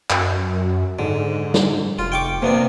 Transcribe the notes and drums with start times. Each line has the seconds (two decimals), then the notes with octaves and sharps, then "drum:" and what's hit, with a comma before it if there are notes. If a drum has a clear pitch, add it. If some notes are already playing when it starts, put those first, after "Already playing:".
0.10 F#2, drum: clap
0.99 G#2 D3
1.54 drum: snare
1.99 F1 F4
2.12 G5 C#6 D6
2.42 C3 A#3 B3 D4